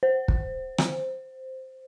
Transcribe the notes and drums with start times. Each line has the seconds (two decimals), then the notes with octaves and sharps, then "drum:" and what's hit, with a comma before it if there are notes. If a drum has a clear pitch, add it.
0.03 C5
0.28 drum: kick
0.78 drum: rim click